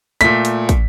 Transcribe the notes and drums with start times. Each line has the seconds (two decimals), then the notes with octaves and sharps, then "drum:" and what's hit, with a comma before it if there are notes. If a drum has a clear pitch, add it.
0.21 A#2 A3 B6, drum: hi-hat
0.45 drum: hi-hat
0.69 drum: kick, hi-hat